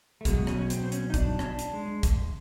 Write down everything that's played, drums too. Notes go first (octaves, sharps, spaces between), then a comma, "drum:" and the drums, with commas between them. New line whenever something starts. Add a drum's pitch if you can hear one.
A3
B2 F#3 G#3, drum: kick, hi-hat
C#4, drum: rim click
C#4
C4, drum: hi-hat
C4
C#4, drum: hi-hat
D#4
D4, drum: kick, hi-hat
C#4, drum: rim click
D4
drum: hi-hat
G#3
drum: kick, hi-hat